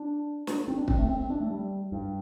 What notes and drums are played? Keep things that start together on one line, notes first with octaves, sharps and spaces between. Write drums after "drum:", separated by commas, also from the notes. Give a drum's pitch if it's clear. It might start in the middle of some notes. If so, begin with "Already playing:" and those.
Already playing: D4
drum: snare
C4
D4
C4, drum: kick
A3
C4
C4
D4
A3
G3
G2